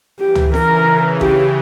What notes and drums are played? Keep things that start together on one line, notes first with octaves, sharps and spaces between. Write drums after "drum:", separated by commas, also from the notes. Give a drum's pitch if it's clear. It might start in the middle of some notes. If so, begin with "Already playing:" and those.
E3 G4
drum: tom
C#3 A#4, drum: snare
G4, drum: kick A1